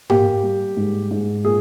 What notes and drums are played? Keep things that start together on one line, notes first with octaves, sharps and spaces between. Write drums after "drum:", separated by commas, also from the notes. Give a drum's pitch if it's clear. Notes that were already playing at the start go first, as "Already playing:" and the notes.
A#3 G4, drum: tom G#2
G3
G#2
G#2
A#2 G#4